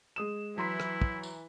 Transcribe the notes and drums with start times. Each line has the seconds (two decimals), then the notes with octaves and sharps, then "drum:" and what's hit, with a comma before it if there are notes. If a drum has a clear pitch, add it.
0.16 G#3 D#6 E7
0.58 E3 F#3 E4 A#5 C6 B6
0.80 drum: rim click
1.02 drum: kick
1.23 drum: tambourine